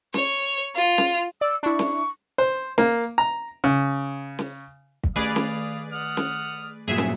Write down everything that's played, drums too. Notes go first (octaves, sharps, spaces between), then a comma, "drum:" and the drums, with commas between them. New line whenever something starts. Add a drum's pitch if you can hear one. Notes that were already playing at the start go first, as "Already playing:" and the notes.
C#5, drum: snare
F4
drum: snare
D5 E6
D4 E4 C#6
drum: snare
C5
A#3, drum: snare
A#5
C#3
drum: snare
drum: kick
D#3 A3 G#4 B4 D5 F5 D#6
drum: snare
F#5 D#6 F6
drum: snare
G2 A#2 F#3 G#4 E5
drum: snare